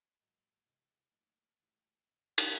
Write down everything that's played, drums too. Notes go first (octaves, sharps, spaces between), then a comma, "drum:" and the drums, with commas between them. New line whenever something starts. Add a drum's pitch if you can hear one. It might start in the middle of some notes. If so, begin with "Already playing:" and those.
G#2 D#3 F#3 A#3
C3 E3 G#3
A2 F#3 A#3 D#4 F#4
A2 E3 G3 A#3
F#1 F2 C#3
drum: cymbal